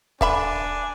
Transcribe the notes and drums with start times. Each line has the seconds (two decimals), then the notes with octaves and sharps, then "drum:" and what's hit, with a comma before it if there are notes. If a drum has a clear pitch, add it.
0.21 D3 D4 E5 G#5 B5, drum: kick D#1